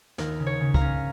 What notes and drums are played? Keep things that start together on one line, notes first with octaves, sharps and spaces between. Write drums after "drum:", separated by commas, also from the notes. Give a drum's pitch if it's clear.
D#2 A#4, drum: snare
C#3
C#5
C#3
F5 A#5, drum: kick
C#4